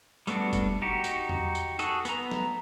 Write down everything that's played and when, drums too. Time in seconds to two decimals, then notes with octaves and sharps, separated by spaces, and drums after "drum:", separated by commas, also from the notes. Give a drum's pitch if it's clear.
0.27 G3 A3 B3 D4 F#4, drum: tambourine
0.53 drum: kick F1, tambourine
0.82 D#4 F#4 G4
1.04 drum: tambourine
1.29 drum: tom E2
1.55 drum: tambourine
1.79 F#4 G#4 A4, drum: tambourine
2.05 B3 A#5, drum: tambourine
2.31 drum: snare